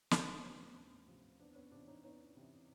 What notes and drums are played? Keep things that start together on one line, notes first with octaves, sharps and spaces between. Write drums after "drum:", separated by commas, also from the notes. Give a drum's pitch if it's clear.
D2 A#3 C4, drum: snare
C3 F3 B3 C#4
D2
C3 F3
E2 C4 D4
B3 C#4
C3 E3 C4 D4
C#4 D#4
E2 C#4 D#4
C3 E3